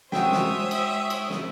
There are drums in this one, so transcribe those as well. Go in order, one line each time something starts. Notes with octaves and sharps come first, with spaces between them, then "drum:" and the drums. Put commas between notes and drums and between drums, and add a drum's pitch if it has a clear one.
G#3 F#4 C5 C#5 E5 G5 D#6, drum: snare
drum: snare
drum: cymbal
drum: cymbal
drum: snare